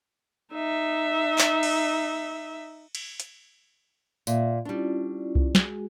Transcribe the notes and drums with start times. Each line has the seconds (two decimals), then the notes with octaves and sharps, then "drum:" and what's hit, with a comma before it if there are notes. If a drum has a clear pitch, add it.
0.52 D#4 E5
1.38 drum: clap
1.63 drum: cymbal
2.95 drum: cymbal
3.20 drum: hi-hat
4.27 A#2 E5, drum: tambourine
4.65 G3 C#4 D4 E4 F4
5.35 drum: kick C2
5.55 G#3 F#4 G#4, drum: snare